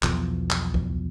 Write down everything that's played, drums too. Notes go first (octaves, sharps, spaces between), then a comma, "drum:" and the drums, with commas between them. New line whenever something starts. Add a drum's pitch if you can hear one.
B1 E2 B2 F3, drum: clap
drum: clap
drum: kick C#2